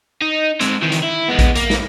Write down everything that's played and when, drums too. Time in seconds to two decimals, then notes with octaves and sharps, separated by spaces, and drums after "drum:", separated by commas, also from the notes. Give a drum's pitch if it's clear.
0.22 D#4
0.60 G#3 C4, drum: hi-hat
0.82 D#3 E3
0.92 drum: hi-hat
1.03 E4
1.28 G#3 B3
1.39 drum: kick A#1, hi-hat
1.55 A#3, drum: hi-hat
1.70 drum: snare